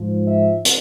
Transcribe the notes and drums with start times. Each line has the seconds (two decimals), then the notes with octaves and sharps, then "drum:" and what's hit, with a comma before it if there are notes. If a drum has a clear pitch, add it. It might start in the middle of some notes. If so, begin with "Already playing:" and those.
Already playing: G#2 F3
0.27 E5
0.65 drum: hi-hat